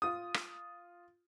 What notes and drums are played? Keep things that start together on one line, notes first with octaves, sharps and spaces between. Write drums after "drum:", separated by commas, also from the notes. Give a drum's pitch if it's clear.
F4 D#6
drum: rim click